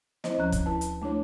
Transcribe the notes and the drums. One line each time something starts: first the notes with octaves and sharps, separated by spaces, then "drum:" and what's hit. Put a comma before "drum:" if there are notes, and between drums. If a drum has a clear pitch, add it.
C4 E4 C5 D#5, drum: snare
D2 F3 C#4 C#5 A#5 F#6
drum: kick, hi-hat
E4 B4 A5
drum: hi-hat
A3 D4 E4 C#5